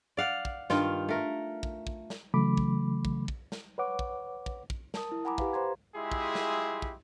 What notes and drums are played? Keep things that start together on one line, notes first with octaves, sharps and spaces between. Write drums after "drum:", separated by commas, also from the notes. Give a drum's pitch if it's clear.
D5 F5 F#5
drum: kick
G2 D#3 F4, drum: snare
A3 A#4
drum: kick
drum: kick
drum: snare
C#3 E3 F#3 A3 B5 D6
drum: kick
drum: kick
drum: kick
drum: snare
B4 C#5 F#5 D6
drum: kick
drum: kick
drum: kick
A#4 A5 D#6, drum: snare
E4
F#5 G#5 A#5 B5 D6
G4 B4 F5, drum: kick
C5 A#5 C6 G#6
G#3 E4 F4 G4 G#4 E5
drum: kick
drum: snare
drum: kick